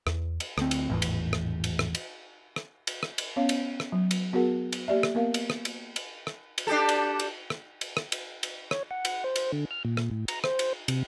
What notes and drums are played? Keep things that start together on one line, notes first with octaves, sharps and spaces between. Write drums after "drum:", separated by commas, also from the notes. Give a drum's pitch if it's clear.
E2, drum: rim click
drum: cymbal
D2 C4, drum: rim click
drum: cymbal
G#1 E2 A2
drum: cymbal
drum: rim click
drum: cymbal
drum: rim click
drum: cymbal
drum: rim click
drum: cymbal
drum: rim click
drum: cymbal
B3 C#4 C#5 F5
drum: cymbal
drum: rim click
F#3
drum: cymbal
B3 F#4 G#4 A#4 F#5
drum: cymbal
A#3 G4 D5 E5
drum: rim click
A#3 B3 A#4 F5
drum: cymbal
drum: rim click
drum: cymbal
drum: cymbal
drum: rim click
drum: cymbal
D4 G4 A4
drum: cymbal
drum: cymbal
drum: rim click
drum: cymbal
drum: rim click
drum: cymbal
drum: cymbal
C#5, drum: rim click
F#5
drum: cymbal
C5
drum: cymbal
D3
F6
A#2
drum: rim click
A2
A#5, drum: cymbal
C5, drum: rim click
drum: cymbal
C3, drum: cymbal